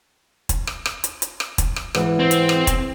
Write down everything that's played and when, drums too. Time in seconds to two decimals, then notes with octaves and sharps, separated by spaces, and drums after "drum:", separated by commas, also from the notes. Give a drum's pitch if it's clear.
0.49 drum: kick, hi-hat
0.67 drum: rim click
0.86 drum: rim click
1.04 drum: hi-hat
1.22 drum: hi-hat
1.40 drum: rim click
1.58 drum: kick, hi-hat
1.76 drum: rim click
1.95 G#2 E3, drum: rim click
2.20 C4
2.31 drum: hi-hat
2.49 drum: rim click
2.67 drum: kick, hi-hat